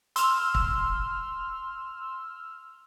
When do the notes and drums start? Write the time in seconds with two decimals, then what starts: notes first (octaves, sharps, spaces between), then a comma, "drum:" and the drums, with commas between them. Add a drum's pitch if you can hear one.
0.16 C6 E6 F6, drum: hi-hat
0.55 drum: kick